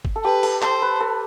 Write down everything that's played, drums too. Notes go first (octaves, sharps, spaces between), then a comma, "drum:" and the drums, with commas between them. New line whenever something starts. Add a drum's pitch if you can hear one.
drum: kick
A4
G4 B4
A4, drum: cymbal
A4 C5, drum: clap
B4
A4